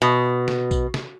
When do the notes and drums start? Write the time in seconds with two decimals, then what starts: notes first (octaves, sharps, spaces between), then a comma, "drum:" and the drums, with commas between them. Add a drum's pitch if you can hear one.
0.02 B2
0.48 drum: snare
0.71 drum: kick A#1, tambourine
0.94 drum: snare